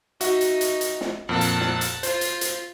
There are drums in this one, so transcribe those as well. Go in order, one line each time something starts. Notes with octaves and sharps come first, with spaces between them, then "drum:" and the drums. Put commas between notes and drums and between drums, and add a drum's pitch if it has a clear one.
D#4 F#4 E5, drum: hi-hat
drum: hi-hat
drum: hi-hat
drum: hi-hat
drum: snare
F2 A#2 F#5 A5
drum: hi-hat
drum: snare
drum: hi-hat
F4 C5, drum: hi-hat
drum: hi-hat
drum: hi-hat